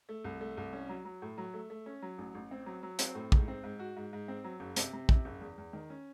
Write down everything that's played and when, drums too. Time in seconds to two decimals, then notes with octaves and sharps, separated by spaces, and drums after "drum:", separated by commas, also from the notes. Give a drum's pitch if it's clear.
0.09 A3
0.24 C2
0.41 A3
0.57 C2
0.73 C#4
0.89 F#3
1.05 F#3
1.22 A2
1.38 F#3
1.54 A3
1.70 A3
1.86 C#4
2.02 F#3
2.18 A1
2.35 A1
2.51 C4
2.66 F#3
2.83 F#3
2.99 C4, drum: hi-hat
3.15 A2
3.32 G#2, drum: kick
3.48 C4
3.64 G#2
3.79 F#4
3.96 G#2
4.13 G#2
4.28 C4
4.44 F#3
4.60 F#1
4.76 C3, drum: hi-hat
4.93 C3
5.09 C3, drum: kick
5.25 F#1
5.41 E2
5.58 E2
5.73 D#3
5.90 C#4